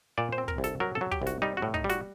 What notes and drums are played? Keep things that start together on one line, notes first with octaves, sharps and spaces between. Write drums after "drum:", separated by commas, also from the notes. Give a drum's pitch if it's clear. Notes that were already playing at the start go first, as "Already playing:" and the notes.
A#2 D5
C5
C4
A#4, drum: kick
C2
A4, drum: snare
F#3 A#4
A4
F#3
G4, drum: kick
C2
F#4, drum: snare
G3 D#4
F#4
A2
D#4, drum: kick
G3
F#4, drum: snare